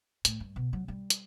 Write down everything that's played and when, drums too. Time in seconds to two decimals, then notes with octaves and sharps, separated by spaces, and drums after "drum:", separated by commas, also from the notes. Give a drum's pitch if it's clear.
0.25 A2, drum: hi-hat
0.40 G2
0.56 B2
0.73 F#3
0.88 G3
1.10 drum: hi-hat